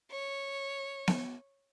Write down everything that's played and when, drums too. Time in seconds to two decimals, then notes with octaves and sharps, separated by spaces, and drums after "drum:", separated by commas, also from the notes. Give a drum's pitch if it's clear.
0.11 C#5
1.08 drum: snare B3